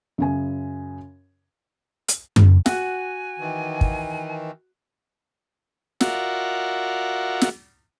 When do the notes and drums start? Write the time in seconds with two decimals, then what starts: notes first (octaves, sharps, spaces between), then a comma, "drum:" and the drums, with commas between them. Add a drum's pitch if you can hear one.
0.18 F#2 C#3 G#5
2.08 drum: hi-hat
2.36 drum: tom F#2
2.66 F#4 F#5 G#5, drum: snare
3.39 D#3 E3
3.81 drum: kick
6.01 F4 F#4 A#4 D5 E5 F#5, drum: snare
7.41 drum: snare